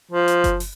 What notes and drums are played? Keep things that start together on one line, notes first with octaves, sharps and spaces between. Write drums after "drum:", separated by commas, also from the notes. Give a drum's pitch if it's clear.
F3
drum: hi-hat
drum: kick F#1, hi-hat
drum: open hi-hat